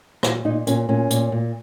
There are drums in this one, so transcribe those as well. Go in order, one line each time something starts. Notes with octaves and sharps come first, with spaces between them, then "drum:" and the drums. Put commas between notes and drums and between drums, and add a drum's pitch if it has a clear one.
A#2 E4, drum: rim click
A#2 D#4
A#2 C#4, drum: hi-hat
A#2 C#4
A#2, drum: hi-hat
A#2